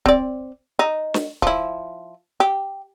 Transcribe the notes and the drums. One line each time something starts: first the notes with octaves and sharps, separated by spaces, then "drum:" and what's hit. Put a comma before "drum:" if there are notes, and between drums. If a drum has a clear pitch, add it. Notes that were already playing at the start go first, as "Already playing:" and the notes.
C4 D5, drum: kick C#1
D#4
drum: snare
F3 E4, drum: kick C#1
G4